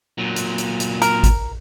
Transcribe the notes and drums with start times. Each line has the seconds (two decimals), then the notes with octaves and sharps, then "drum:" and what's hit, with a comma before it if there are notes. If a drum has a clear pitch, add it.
0.18 A#2 F#3
0.36 drum: hi-hat
0.58 drum: hi-hat
0.80 drum: hi-hat
1.02 A#4, drum: hi-hat
1.23 drum: kick G#1, hi-hat